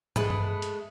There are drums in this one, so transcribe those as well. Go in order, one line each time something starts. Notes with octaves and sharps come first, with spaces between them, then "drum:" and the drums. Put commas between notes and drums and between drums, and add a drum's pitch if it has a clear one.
G#3 A3 B4, drum: tom
drum: tom
drum: hi-hat